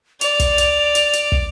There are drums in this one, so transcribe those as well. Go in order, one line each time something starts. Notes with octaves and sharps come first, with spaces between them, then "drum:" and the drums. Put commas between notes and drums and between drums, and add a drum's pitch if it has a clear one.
D5 F7, drum: hi-hat
drum: kick, hi-hat
drum: hi-hat
drum: hi-hat
drum: hi-hat
drum: kick